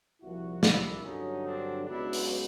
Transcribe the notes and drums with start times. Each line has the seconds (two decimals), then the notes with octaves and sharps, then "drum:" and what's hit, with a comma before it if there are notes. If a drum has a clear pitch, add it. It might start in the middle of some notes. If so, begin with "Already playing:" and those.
0.22 C2 A#2 F3 E4 F#4
0.63 D4 E4, drum: snare
1.03 G2 D3 F#3 C#4 D#4
1.44 C4 D4
1.85 C#2 B2 F#3 D4 E4
2.13 drum: open hi-hat